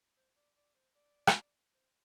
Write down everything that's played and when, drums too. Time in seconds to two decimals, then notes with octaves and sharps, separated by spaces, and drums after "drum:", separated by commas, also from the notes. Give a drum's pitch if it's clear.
0.16 C5
0.36 D5
0.56 D5
0.75 C5
0.95 D5
1.27 drum: rim click
1.74 C5